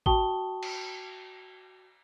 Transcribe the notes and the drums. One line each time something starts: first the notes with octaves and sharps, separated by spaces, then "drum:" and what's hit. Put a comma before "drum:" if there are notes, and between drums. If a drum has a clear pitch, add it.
F#4 G5 A5 C#6 D#6 G7, drum: kick
drum: cymbal